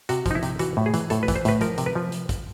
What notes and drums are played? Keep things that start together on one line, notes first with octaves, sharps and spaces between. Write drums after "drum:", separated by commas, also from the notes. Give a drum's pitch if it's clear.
C3 F#4, drum: hi-hat
F3 D#4, drum: kick, hi-hat
E4
C3, drum: hi-hat
E3 F#4, drum: hi-hat
A2
G#4
E3, drum: hi-hat
A2 A4, drum: hi-hat
B4
E3, drum: kick, hi-hat
C5
A2 B4, drum: hi-hat
F3 A#4, drum: hi-hat
C3, drum: hi-hat
B4
F3
drum: hi-hat
drum: kick, hi-hat